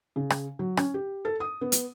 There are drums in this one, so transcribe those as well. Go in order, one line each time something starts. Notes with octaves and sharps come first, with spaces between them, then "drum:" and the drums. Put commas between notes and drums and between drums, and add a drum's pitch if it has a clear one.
C#3
drum: rim click
F#3
C#4, drum: rim click
G4
A4
D#6
B3
drum: hi-hat